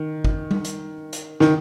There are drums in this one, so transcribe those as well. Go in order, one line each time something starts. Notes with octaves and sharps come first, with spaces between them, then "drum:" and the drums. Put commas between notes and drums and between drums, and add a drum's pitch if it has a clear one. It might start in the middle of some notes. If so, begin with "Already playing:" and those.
Already playing: D#3
drum: kick
drum: tom G3
drum: hi-hat
drum: hi-hat
D#3, drum: snare